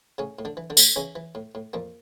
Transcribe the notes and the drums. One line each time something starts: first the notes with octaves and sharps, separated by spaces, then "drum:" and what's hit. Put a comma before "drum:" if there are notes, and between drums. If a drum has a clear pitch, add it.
A2 C#3 C#4
A2
D3 D4
E3
D3 D4
A2, drum: tambourine
C#3 E3 C#4
E3
A2
A2
F2 A#2 A#3